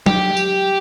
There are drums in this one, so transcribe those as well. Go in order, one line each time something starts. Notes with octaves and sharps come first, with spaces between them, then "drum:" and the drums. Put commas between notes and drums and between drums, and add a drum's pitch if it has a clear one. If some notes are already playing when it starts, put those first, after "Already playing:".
G4, drum: tom F#3
drum: tambourine